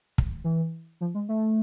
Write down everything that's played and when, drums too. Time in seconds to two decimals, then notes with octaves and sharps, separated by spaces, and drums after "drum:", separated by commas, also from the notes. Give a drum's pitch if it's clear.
0.18 drum: kick
0.44 E3
1.01 F3
1.15 G#3
1.29 A3